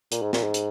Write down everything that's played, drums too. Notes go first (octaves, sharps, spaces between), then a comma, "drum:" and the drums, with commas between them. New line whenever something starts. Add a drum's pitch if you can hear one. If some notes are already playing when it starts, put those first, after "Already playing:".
A#2, drum: hi-hat
G#2
A#2, drum: snare
G#2
drum: hi-hat